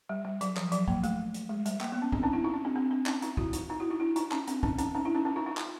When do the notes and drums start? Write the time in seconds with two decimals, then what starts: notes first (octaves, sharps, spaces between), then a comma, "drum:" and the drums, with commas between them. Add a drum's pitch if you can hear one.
0.09 G3
0.25 G3
0.41 F#3, drum: hi-hat
0.57 F3, drum: clap
0.72 F#3, drum: hi-hat
0.88 A#3, drum: kick
1.03 A3, drum: hi-hat
1.34 drum: hi-hat
1.49 G#3
1.66 G3, drum: hi-hat
1.81 A#3, drum: clap
1.92 B3
2.02 C#4
2.12 C4 D4, drum: kick
2.23 C#4 D#4
2.33 D4 E4
2.44 D#4 F4
2.54 C#4
2.65 C4 D4
2.76 C4 D4
2.91 C4 D4
3.06 C#4 D#4, drum: clap
3.22 D#4 F4, drum: hi-hat
3.37 E4 F#4, drum: kick
3.53 D#4 F4, drum: hi-hat
3.69 D#4 F4
3.80 E4 F#4
3.90 D#4 F4
4.00 D4 E4
4.16 D#4 F4, drum: hi-hat
4.31 C#4 D#4, drum: clap
4.47 C4 D4, drum: hi-hat
4.63 C#4 D#4, drum: kick
4.78 C#4 D#4, drum: hi-hat
4.95 C#4 D#4
5.05 D4 E4
5.15 C#4 D#4
5.25 C#4 D#4
5.36 D#4 F4
5.46 D#4 F4
5.57 drum: clap